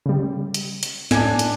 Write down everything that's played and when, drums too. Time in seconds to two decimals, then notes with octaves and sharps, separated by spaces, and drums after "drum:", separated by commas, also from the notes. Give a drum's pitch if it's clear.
0.06 C#3 G3
0.54 drum: hi-hat
0.83 drum: hi-hat
1.11 A2 D4 G#5, drum: snare
1.39 drum: hi-hat